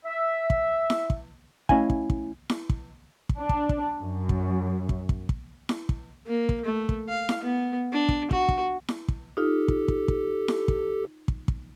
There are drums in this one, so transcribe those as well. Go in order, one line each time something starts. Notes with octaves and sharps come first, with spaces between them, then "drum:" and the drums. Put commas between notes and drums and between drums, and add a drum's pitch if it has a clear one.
E5
drum: kick
drum: snare E4
drum: kick
A3 C#4 E4 D#5 F5 G#5, drum: kick
drum: kick
drum: kick
drum: snare E4
drum: kick
drum: kick
D4
drum: kick
drum: kick
F#2
drum: kick
drum: kick
drum: kick
drum: kick
drum: snare E4
drum: kick
A#3
drum: kick
A3
drum: kick
F5
drum: snare E4
B3
D4
drum: kick
F#4, drum: kick
drum: kick
drum: snare E4
drum: kick
D#4 F4 G4 A4
drum: kick
drum: kick
drum: kick
drum: snare E4
drum: kick
drum: kick
drum: kick